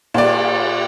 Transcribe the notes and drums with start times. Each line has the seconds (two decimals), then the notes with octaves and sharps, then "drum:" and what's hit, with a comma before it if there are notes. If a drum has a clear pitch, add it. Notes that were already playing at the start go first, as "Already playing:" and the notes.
0.14 A#2 D5, drum: cymbal